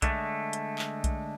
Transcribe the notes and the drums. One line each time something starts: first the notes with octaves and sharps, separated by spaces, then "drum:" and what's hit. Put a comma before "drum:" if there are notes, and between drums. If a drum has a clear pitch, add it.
D3 G#3 A3, drum: kick B1, hi-hat
drum: hi-hat
drum: clap
drum: kick B1, hi-hat